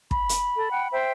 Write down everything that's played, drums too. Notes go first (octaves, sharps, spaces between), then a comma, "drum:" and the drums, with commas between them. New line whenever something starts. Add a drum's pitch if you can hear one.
B5, drum: kick
drum: hi-hat
A4
F#5 G5
C5 E5 G5